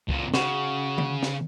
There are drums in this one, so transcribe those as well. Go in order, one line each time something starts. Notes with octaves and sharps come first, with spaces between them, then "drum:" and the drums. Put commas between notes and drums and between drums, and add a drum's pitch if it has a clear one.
C#2 A#2, drum: kick C#2
C#3 F#4, drum: snare
drum: tom D3
drum: snare